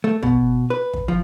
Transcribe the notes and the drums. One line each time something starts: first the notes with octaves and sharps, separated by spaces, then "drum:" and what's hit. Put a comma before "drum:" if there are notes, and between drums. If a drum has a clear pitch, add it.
A3
B2, drum: kick
B4
drum: kick
F3